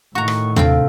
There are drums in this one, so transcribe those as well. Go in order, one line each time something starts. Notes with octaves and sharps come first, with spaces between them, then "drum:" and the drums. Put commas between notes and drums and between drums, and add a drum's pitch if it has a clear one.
A2 D#3 F#4 A#5 C#6
drum: rim click
C3 C4 D4 F4 A4 G5, drum: tom D#2